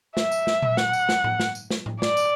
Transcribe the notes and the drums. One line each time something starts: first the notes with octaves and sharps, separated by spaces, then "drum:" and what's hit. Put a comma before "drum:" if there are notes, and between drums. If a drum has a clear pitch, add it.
E5, drum: snare
drum: tambourine
drum: snare
drum: tom A#2
F#5, drum: snare
drum: tambourine
drum: snare
drum: tom A2
drum: snare
drum: tambourine
drum: snare
drum: tom A2
D5, drum: snare
drum: tambourine